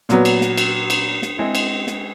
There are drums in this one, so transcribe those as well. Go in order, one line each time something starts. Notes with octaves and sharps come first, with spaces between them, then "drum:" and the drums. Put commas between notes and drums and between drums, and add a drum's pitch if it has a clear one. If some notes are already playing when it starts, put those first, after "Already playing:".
A#2 F#3 B3, drum: snare
drum: cymbal
drum: snare
drum: cymbal
drum: cymbal
drum: snare
G#3 C4 E4 G#4
drum: cymbal
drum: snare